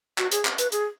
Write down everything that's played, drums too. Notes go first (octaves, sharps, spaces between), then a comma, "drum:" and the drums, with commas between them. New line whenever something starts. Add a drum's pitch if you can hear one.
F#4, drum: clap
G#4, drum: hi-hat
drum: clap
B4, drum: hi-hat
G#4, drum: hi-hat